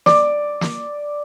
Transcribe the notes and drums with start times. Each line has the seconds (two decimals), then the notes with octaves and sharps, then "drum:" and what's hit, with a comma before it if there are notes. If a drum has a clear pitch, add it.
0.06 D5, drum: snare
0.61 drum: snare